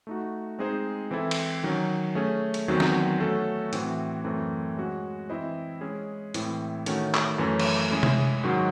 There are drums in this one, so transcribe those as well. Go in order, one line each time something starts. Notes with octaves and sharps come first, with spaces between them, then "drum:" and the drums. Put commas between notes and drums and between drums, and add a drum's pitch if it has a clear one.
A3 D#4 F#4
G#3 C4 D#4 G#4 C5
E3 C4 E4 A4
drum: cymbal
D#3 F#3 C#4
A3 C#4 G#4
drum: hi-hat
E2 D#3 F#3 C4 F#4
drum: snare
A3 C#4 F#4 A4
A2 E3 C4 F#4, drum: hi-hat
F#2 E3 A3 C4
G#3 C#4 F#4
E3 C4 E4 C5 D#5
G#3 C#4 G#4
A2 E3 C4 E4, drum: hi-hat
D#3 A3 C#4 F#4, drum: hi-hat
drum: clap
F#2 E3 A3 C#4
drum: cymbal
G#3 C#4 E4 G#4 C#5
drum: tom C3
G#2 D#3 F#3 C#4 F#4